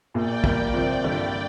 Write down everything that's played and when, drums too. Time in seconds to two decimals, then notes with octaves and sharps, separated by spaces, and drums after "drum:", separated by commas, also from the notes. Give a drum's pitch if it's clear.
0.14 A#1 A#2 A#3 D5 G5
0.44 A#2 G3 A#3 F4 A#4 D5 G5, drum: kick
0.74 C2 A#2 F3 C4
1.04 G2 D3 G3 A#3